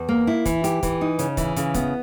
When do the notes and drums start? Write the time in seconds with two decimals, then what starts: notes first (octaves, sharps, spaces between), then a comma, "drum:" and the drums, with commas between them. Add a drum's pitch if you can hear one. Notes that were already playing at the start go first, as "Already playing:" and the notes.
Already playing: E2
0.09 A#3
0.27 E4
0.45 E3, drum: kick, hi-hat
0.64 G4, drum: hi-hat
0.83 E3, drum: kick, hi-hat
1.01 D#4
1.19 C#3, drum: hi-hat
1.37 E3, drum: kick, hi-hat
1.56 C#3, drum: hi-hat
1.74 B3, drum: kick, hi-hat